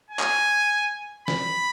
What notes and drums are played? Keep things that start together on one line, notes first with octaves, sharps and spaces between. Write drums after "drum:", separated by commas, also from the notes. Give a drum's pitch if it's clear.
G#5
drum: clap
B5, drum: snare